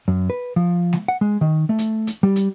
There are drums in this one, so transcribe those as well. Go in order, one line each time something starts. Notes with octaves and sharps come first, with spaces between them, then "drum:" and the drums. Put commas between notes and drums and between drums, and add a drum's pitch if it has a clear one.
F#2
B4
F3
drum: snare G#3
F#5
G#3
D#3
A3
drum: hi-hat
drum: hi-hat
G3
drum: hi-hat